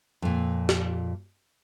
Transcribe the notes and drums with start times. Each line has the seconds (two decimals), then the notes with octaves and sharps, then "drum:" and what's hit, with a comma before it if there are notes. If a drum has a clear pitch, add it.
0.22 F2 A#2
0.69 drum: snare